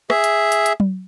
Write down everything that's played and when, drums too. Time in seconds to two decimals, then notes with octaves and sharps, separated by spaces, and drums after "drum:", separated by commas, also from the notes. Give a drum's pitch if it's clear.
0.10 G#4 E5, drum: rim click
0.24 drum: hi-hat
0.52 drum: hi-hat
0.66 drum: hi-hat
0.80 drum: tom F#3